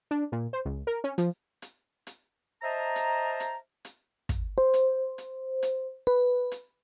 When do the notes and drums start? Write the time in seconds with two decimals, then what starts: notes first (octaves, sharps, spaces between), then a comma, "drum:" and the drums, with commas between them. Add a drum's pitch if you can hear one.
0.11 D4
0.32 A#2
0.53 C5
0.65 C#2
0.87 A#4
1.04 C#4
1.18 F3, drum: hi-hat
1.62 drum: hi-hat
2.07 drum: hi-hat
2.62 C5 D#5 E5 A5 A#5
2.96 drum: hi-hat
3.40 drum: hi-hat
3.85 drum: hi-hat
4.29 drum: kick, hi-hat
4.58 C5
4.74 drum: hi-hat
5.18 drum: hi-hat
5.63 drum: hi-hat
6.07 B4
6.52 drum: hi-hat